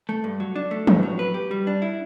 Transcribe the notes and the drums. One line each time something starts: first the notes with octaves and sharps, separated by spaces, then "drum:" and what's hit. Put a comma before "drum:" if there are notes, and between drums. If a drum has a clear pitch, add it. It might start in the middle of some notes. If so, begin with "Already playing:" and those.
A3
G2
F#3
D4
A3
A2, drum: tom E3
F#3
B4
G4
G3
D4
E4